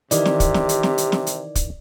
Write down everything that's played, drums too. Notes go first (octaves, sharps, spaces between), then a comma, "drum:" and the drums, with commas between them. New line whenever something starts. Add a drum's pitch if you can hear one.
C3 D#3 E3 G4 D5, drum: hi-hat
drum: snare
drum: kick, hi-hat
drum: snare
drum: hi-hat
drum: snare
drum: hi-hat
drum: snare
drum: hi-hat
drum: kick, hi-hat